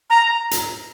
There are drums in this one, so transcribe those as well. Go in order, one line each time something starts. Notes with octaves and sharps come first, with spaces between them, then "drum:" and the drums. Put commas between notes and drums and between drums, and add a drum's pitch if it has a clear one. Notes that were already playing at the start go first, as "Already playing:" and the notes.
A#5
drum: hi-hat